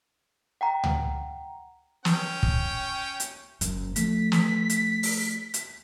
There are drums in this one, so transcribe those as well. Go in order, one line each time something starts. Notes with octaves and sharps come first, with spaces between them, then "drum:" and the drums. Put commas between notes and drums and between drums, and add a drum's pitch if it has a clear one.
F#5 G5 A#5
drum: tom C#2
C#4 G5, drum: snare
drum: kick
drum: hi-hat
F#1 F#2, drum: hi-hat
F3 A3 B6, drum: hi-hat
drum: snare
drum: hi-hat
drum: open hi-hat
drum: hi-hat